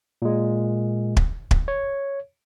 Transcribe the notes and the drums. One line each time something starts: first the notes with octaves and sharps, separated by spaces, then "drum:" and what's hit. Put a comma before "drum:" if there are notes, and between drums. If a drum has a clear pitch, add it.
A#2 G#3
drum: kick
drum: kick
C#5